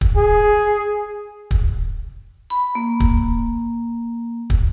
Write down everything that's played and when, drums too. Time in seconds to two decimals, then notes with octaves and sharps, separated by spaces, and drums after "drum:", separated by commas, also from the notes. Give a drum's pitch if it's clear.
0.01 drum: kick
0.17 G#4
1.51 drum: kick
2.50 B5
2.75 A#3
3.00 drum: kick
4.50 drum: kick